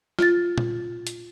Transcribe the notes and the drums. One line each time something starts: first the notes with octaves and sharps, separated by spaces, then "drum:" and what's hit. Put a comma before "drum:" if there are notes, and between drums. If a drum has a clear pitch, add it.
F4 A6, drum: snare
drum: tom A#2
drum: hi-hat